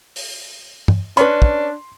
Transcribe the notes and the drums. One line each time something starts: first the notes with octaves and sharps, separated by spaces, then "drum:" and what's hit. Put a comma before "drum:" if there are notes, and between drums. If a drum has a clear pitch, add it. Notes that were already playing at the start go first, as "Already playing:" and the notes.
drum: open hi-hat
drum: tom G2
C#4 D4 B4 C6, drum: hi-hat
drum: kick